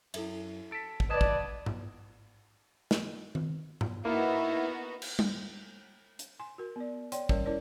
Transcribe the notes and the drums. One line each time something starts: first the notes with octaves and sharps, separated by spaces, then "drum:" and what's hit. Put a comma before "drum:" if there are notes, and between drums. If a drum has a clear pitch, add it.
F#2 E4 A4 E5, drum: cymbal
A4 B6 D7
drum: kick
B1 B3 B4 D5 D#5 A5 D#6 G#6
drum: kick
drum: tom G#2
drum: snare
drum: tom D#3
drum: tom G#2
A#3 B3 D#4 E4 F#4
drum: cymbal
drum: tom G3
drum: hi-hat
G#5 C6
F#4 A#4
B3 D5
C#5 D5 G5 C6, drum: hi-hat
G3 C#4 A#4 C#5 D5, drum: kick
C#4 E4 A#4 C#5 D5